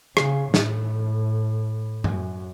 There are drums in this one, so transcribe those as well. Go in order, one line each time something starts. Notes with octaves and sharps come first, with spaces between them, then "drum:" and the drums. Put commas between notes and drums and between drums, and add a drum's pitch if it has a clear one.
C#3, drum: rim click
A2, drum: snare
F#2, drum: tom